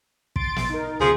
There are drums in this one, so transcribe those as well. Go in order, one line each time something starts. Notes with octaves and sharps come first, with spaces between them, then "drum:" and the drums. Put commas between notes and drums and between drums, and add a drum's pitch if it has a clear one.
C6 A6 D7, drum: kick
drum: snare
D#4 A#4
D2 C3 F3 G#4